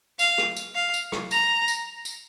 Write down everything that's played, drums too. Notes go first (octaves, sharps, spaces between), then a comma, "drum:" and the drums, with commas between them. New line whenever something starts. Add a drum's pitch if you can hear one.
F5, drum: tambourine
drum: rim click
drum: tambourine
F5
drum: tambourine
drum: rim click
A#5, drum: tambourine
drum: tambourine
drum: tambourine